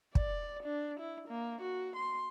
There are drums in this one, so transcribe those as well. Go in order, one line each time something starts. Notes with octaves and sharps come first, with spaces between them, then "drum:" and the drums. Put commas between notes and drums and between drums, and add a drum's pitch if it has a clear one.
D5, drum: kick
D4
E4
A#3
F#4
C6